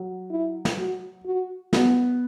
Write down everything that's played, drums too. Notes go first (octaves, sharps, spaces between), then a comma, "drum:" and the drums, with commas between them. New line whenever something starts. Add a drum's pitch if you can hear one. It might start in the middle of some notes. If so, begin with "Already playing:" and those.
Already playing: F#3
E4
drum: snare
F#4
F#4
B3 F#4, drum: snare